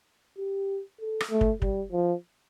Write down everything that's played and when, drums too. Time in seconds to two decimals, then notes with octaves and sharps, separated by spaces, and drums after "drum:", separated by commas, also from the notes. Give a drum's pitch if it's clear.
0.38 G4
1.00 A4
1.20 drum: rim click
1.31 A3
1.41 drum: kick
1.62 G3, drum: kick
1.92 F3